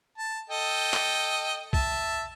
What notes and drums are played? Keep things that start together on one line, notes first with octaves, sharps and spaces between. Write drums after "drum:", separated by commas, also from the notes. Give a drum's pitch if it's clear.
A5
A4 D#5 G5
drum: clap
E5 A5, drum: kick